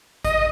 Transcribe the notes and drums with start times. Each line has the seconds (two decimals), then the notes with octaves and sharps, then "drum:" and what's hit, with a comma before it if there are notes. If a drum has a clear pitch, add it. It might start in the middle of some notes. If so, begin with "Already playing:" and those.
0.25 D#5, drum: kick A1, hi-hat